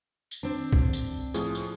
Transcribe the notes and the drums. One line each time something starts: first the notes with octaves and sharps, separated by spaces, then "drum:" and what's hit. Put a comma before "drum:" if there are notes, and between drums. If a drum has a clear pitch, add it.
drum: tambourine
C4 D4
drum: kick B1
drum: tambourine
A2 F3 G#4, drum: tambourine
drum: tambourine